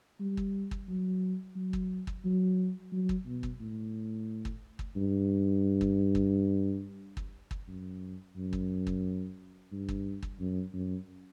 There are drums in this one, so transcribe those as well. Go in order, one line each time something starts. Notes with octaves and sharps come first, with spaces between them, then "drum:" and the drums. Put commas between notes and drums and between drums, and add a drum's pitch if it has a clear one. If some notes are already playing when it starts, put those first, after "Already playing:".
G3
drum: kick
drum: kick
F#3
F#3
drum: kick
drum: kick
F#3
F#3
drum: kick
B2
drum: kick
A2
drum: kick
drum: kick
G2
drum: kick
drum: kick
drum: kick
drum: kick
F#2
F#2
drum: kick
drum: kick
G2
drum: kick
drum: kick
F#2
F#2